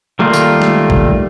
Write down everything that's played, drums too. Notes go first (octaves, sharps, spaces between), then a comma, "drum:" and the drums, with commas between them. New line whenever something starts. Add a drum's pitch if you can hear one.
D#3 G3 A3 A#3 F4
drum: tambourine
drum: snare
drum: kick